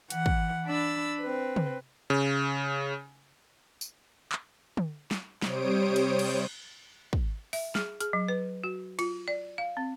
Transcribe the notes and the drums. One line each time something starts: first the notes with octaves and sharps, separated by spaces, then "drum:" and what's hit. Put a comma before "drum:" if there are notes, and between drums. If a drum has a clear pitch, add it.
E3 F#5, drum: hi-hat
drum: kick
D4 B5 E6 A6
C4 B4
drum: tom
C#3
drum: tambourine
drum: clap
drum: tom
drum: snare
C3 G3 C5 C#5 D#6 D7, drum: snare
drum: cymbal
drum: cymbal
drum: kick
E5, drum: open hi-hat
G#4, drum: snare
G#4, drum: hi-hat
F#3
B4
F#4
F4, drum: cymbal
D5
F5
C4